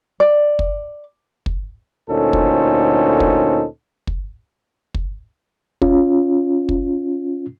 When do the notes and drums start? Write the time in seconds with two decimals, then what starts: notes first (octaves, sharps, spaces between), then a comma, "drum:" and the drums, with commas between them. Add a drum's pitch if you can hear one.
0.20 D5
0.59 drum: kick
1.46 drum: kick
2.10 D2 A#2 C#4 D#4 A4 C5
2.33 drum: kick
3.20 drum: kick
4.07 drum: kick
4.94 drum: kick
5.82 C#4 F4, drum: kick
6.69 drum: kick